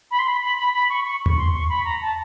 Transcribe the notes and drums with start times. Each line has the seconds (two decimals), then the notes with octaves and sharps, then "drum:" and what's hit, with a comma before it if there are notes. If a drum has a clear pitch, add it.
0.11 B5
0.19 C6
0.28 B5
0.43 B5
0.58 B5
0.74 B5
0.90 C#6
1.05 C#6
1.26 drum: tom D#2
1.37 C6
1.53 C#6
1.69 B5
1.85 A#5
2.01 A5